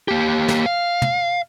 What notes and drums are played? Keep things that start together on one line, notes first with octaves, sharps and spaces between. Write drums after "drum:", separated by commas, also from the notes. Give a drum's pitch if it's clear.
A#3 G4
drum: snare
F5
drum: tom